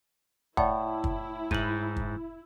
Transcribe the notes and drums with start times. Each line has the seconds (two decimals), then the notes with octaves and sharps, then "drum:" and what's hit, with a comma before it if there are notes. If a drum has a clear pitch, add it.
0.57 A2 E4 D5 F#5, drum: kick
1.04 drum: kick
1.51 G#2 D#7 F#7, drum: kick
1.96 drum: kick